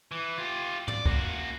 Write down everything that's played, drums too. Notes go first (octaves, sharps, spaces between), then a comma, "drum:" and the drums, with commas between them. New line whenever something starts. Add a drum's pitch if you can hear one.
E3
F4 G4
D5, drum: tom
A#3 F#4, drum: kick